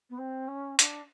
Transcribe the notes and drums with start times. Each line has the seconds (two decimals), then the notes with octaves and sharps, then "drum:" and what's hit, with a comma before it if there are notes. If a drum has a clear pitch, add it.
0.09 B3
0.18 C4
0.47 C#4
0.79 D4, drum: hi-hat